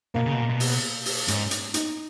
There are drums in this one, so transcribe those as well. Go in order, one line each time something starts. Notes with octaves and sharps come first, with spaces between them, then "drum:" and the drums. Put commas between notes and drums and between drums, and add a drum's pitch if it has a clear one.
B2 A#3
C#3
B2
A#2
B2
drum: open hi-hat
drum: open hi-hat
G#2 C#4, drum: hi-hat
drum: hi-hat
D#4, drum: hi-hat